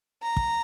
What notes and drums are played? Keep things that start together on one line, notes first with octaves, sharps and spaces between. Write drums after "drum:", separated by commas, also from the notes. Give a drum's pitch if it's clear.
A#5
drum: kick